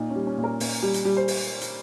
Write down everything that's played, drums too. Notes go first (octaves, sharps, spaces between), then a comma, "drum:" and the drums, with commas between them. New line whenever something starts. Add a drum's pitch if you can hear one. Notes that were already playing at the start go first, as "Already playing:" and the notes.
Already playing: A#2 D#4
C#4
G3
C#4
A#2
A#4
A#2, drum: open hi-hat
G3
drum: hi-hat
G3
C5
drum: open hi-hat
drum: hi-hat